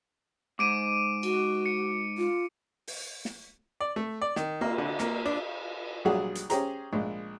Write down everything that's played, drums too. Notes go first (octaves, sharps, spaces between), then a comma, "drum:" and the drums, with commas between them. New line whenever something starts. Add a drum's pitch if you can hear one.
G#2 D6 D7 D#7
F#4, drum: cymbal
C#7
F4
drum: open hi-hat
drum: snare
D5
A3
D5
D#3, drum: snare
A#3, drum: cymbal
D3
A#3, drum: snare
D4
A#1 F#3 G3 G#4 F#5
drum: hi-hat
C#4 G4 G#4 C5 A#5, drum: hi-hat
A#1 G#3